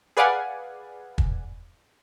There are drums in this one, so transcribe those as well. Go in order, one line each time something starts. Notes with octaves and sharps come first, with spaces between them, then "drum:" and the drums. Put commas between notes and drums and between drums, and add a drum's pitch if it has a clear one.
G#4 B4 D5 F5 F#5 G#5
drum: kick